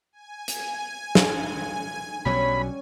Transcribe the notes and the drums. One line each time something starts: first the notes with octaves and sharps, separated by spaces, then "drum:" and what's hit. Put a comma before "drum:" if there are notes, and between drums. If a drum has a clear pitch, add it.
G#5
drum: hi-hat
drum: snare
B1 B2 F#3 G3 C#4 C#5 B5